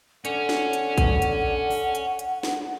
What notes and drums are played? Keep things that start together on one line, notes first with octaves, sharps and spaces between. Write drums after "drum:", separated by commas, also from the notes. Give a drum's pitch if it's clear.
D3 C#4 F#5, drum: hi-hat
drum: snare
drum: hi-hat
drum: kick, hi-hat
drum: hi-hat
drum: open hi-hat
drum: hi-hat
drum: hi-hat
drum: snare